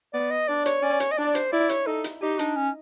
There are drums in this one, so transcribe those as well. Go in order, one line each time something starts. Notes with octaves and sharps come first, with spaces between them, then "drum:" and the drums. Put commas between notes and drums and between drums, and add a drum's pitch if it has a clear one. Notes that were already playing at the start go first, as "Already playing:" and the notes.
B3 D5
D#5
D4 D5
C#5, drum: hi-hat
C#4 D5
C#5, drum: hi-hat
D#5
D4 D5
C5, drum: hi-hat
E4 D5
C#5, drum: hi-hat
D#4 A4
drum: hi-hat
D#4 G4
D4, drum: hi-hat
C#4